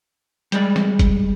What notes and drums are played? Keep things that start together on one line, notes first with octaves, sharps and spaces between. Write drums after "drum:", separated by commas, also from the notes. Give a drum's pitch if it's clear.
G3 G#3 D5, drum: hi-hat
drum: snare
drum: kick, hi-hat